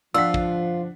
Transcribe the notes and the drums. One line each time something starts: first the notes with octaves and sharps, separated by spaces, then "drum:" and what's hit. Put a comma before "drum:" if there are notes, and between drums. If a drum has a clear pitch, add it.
F3 D4 F4 F#5 E6 B6
drum: kick